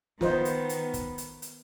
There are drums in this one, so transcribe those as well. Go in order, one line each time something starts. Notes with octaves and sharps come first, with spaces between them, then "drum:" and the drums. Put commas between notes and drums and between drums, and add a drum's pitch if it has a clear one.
D#3 B3 F4 C5 D#5, drum: snare
drum: hi-hat
drum: hi-hat
drum: kick, hi-hat
drum: hi-hat
drum: hi-hat